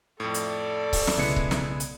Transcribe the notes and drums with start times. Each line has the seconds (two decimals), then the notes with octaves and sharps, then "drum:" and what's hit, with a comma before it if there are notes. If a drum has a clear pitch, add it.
0.20 F2 A2 A4 D5
0.34 drum: hi-hat
0.93 drum: kick C#1, open hi-hat
1.07 drum: snare
1.18 B1 C#3 G#3 B3 E4 C#7
1.36 drum: kick C#1
1.51 drum: snare
1.80 drum: hi-hat